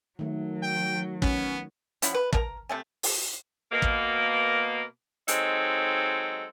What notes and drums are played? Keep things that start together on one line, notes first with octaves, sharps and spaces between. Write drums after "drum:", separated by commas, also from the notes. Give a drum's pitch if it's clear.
D#3 F#3 A3
G5
B3 C#4, drum: kick
F3 C#4 E4 F#4, drum: hi-hat
B4
A3 A#4 A#5, drum: kick
C3 A3 G#5
drum: open hi-hat
B2 A#3
drum: kick
F#3 G#3 C4 D#4 A4, drum: hi-hat